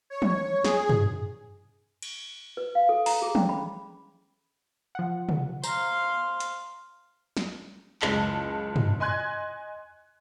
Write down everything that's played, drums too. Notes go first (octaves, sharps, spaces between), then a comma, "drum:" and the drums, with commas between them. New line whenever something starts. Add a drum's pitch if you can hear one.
C#5
drum: tom
G#4, drum: snare
drum: tom
drum: cymbal
B4
F5
A4
A#5, drum: open hi-hat
G#4
C#4, drum: tom
B5
F3 F#5
drum: tom
C5 F5 A#5 C6, drum: tambourine
drum: hi-hat
drum: snare
F#1 C#2 G#3 A5, drum: clap
drum: tom
D#5 G#5 C6 F#6 G#6